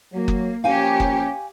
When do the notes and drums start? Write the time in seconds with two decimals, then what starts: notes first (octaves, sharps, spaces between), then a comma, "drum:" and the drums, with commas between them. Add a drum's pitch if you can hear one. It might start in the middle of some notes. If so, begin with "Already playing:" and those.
0.12 F#3 A#3
0.28 drum: kick F#1
0.64 F3 A#3 C#4 G4 C#5 F5 G5 G#5
1.00 drum: kick F#1